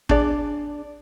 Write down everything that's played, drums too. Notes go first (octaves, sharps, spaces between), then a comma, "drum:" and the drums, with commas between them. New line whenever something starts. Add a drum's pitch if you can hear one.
D4 G#4 D5, drum: kick